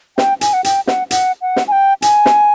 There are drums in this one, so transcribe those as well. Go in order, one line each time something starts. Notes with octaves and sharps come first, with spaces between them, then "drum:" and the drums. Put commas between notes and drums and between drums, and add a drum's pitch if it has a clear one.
G5, drum: snare
G#5, drum: hi-hat
F#5
G5, drum: hi-hat
F#5, drum: snare
F#5, drum: hi-hat
F#5
drum: snare
G#5
G5
G#5, drum: hi-hat
drum: snare